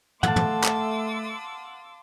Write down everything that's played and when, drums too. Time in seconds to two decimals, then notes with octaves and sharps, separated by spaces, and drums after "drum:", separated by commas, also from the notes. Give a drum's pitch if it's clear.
0.23 A3 F5 F#5 A5 C6 D6 E6, drum: tom
0.36 drum: tom
0.64 drum: clap